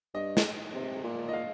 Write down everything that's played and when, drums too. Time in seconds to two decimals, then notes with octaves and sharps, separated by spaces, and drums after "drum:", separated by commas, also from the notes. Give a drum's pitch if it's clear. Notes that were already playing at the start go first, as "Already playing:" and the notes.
0.14 G2 D#5
0.37 drum: snare
0.74 C3
1.03 A#2
1.28 D#5
1.33 F5